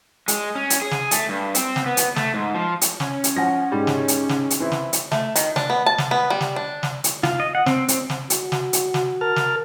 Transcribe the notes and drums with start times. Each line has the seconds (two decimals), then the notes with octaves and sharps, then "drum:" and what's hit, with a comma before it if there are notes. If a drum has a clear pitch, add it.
0.28 G#3, drum: hi-hat
0.55 C#4
0.70 drum: hi-hat
0.82 G#4
0.91 drum: snare
1.11 A3, drum: hi-hat
1.29 G2
1.55 C4, drum: hi-hat
1.76 drum: snare
1.86 B3
1.97 drum: hi-hat
2.16 A3, drum: snare
2.34 G#2
2.55 F3
2.81 drum: hi-hat
3.00 C#4, drum: snare
3.24 drum: hi-hat
3.36 F3 F#5 A#6
3.72 G#2 G3
3.87 drum: snare
4.08 drum: hi-hat
4.29 drum: snare
4.50 drum: hi-hat
4.60 E3 C4 E4
4.72 drum: snare
4.93 drum: hi-hat
5.12 A3, drum: snare
5.36 D#3, drum: hi-hat
5.56 D4, drum: snare
5.70 B3
5.86 A5
5.98 drum: snare
6.11 B3
6.30 G3
6.41 drum: snare
6.56 D4
6.83 drum: snare
7.04 drum: hi-hat
7.23 F4, drum: snare
7.40 D#5
7.55 F#5
7.66 C4, drum: snare
7.88 C4, drum: hi-hat
8.10 drum: snare
8.30 F#4, drum: hi-hat
8.52 drum: snare
8.73 drum: hi-hat
8.94 drum: snare
9.21 A#4 A5 F6
9.36 drum: snare